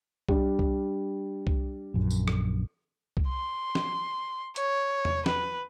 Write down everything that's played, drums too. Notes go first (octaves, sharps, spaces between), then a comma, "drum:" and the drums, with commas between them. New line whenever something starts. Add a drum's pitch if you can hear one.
G3 D4, drum: kick C2
drum: kick C2
drum: kick C2
A#1 F#2
drum: tambourine
drum: rim click
drum: kick C2
C6
drum: snare
C#5, drum: hi-hat
drum: tom E2
B4, drum: snare